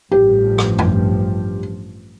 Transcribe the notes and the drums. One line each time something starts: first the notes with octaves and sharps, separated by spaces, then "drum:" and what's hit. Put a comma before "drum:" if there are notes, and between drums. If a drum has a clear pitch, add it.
A1 G2 F3 G4
drum: rim click
drum: tom F2